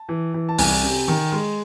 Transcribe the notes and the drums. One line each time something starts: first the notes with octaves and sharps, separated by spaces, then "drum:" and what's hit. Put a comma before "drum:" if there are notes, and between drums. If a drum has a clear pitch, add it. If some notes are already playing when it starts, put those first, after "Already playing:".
Already playing: A5
E3
E3
A5
C2 G#5, drum: open hi-hat
C3
D#3
G#3